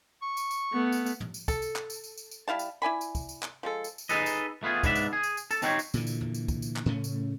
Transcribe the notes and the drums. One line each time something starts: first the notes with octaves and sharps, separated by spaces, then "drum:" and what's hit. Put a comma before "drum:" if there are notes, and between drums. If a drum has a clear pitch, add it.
C#6
drum: tambourine
drum: tambourine
A3 B3
drum: tambourine
drum: tambourine
drum: tom
drum: tambourine
A4, drum: kick, tambourine
drum: tambourine
drum: clap
drum: tambourine
drum: tambourine
drum: tambourine
drum: tambourine
G3 E4 F5 A5
drum: tambourine
E4 D5 G#5 B5
drum: tambourine
drum: kick, tambourine
drum: tambourine
drum: clap
F3 G#3 A4
drum: tambourine
drum: tambourine
D#4 G#4 A4 B4 D#5, drum: tambourine
drum: tambourine
A3 B3 F4 G#4
G#2 B3 D4 F#4 E5, drum: kick, tambourine
drum: tambourine
G#4
drum: tambourine
drum: tambourine
A4 A5, drum: tambourine
C4 D#4 F#4 G4 C5 C#5, drum: tambourine
drum: tambourine
A#2 D3 E3, drum: tambourine
drum: tambourine
drum: tom
drum: tambourine
drum: kick, tambourine
drum: tambourine
drum: clap
A2 C#3 A3 C#4
drum: tambourine